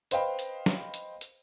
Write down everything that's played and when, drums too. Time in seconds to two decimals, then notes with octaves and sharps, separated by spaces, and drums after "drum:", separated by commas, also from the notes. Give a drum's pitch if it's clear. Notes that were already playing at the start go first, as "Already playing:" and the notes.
0.11 B4 C5 D#5 F5 G5 B5, drum: hi-hat
0.39 drum: hi-hat
0.66 drum: snare
0.94 drum: hi-hat
1.21 drum: hi-hat